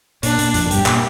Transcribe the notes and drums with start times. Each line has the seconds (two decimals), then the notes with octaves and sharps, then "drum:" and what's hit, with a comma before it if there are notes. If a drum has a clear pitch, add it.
0.23 A#2 D4, drum: hi-hat
0.39 A#2, drum: hi-hat
0.54 F2, drum: hi-hat
0.67 A#2
0.71 G2 G4, drum: hi-hat
0.86 A#2, drum: clap